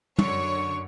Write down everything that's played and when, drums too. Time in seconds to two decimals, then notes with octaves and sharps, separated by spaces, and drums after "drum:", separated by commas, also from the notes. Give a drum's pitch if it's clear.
0.19 F#2 D3 C#5 C#6, drum: tom